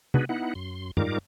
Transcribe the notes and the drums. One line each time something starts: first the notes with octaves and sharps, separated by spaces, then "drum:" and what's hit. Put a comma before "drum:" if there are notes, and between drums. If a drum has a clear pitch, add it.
B3 D4 D#4 F#4 G#4 B4, drum: tom
B3 D#4 E4 F#5
F#2 C6
G#2 G3 D#4 F4 A#4 D6, drum: tom